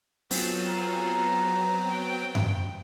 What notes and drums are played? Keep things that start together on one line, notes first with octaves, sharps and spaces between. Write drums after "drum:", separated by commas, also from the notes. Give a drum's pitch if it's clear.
F#3 B3 C4 F4 G#4 A4, drum: open hi-hat
A#5
G5
drum: tom F#2